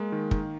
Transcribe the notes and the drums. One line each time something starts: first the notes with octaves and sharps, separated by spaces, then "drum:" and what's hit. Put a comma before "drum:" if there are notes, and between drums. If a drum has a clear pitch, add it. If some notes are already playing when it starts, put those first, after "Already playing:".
Already playing: G#3 A#3
D#3
D#3, drum: kick